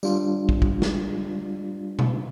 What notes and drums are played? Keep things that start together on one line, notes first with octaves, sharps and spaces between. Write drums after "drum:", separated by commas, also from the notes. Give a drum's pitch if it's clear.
G3 D4 F4, drum: tambourine
drum: kick
drum: kick
drum: snare
drum: tom B2